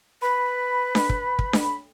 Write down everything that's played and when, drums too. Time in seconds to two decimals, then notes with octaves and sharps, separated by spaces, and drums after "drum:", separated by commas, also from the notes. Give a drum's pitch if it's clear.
0.22 B4 B5
0.95 drum: snare D4
1.09 drum: kick
1.39 drum: kick
1.53 drum: snare D4